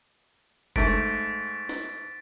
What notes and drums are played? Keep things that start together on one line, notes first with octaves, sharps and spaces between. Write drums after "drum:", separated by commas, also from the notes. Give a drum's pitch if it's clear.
G#2 A3 A6 B6 D7, drum: kick F1
drum: snare